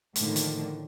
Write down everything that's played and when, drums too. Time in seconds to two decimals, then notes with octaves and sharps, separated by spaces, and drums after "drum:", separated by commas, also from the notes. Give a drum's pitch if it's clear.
0.16 A2 D3 D#3 F3 A#3, drum: hi-hat
0.36 drum: hi-hat